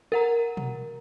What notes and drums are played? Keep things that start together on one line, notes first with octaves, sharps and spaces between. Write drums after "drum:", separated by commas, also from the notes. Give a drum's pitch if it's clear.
A#4 F#5 A#5
drum: tom B2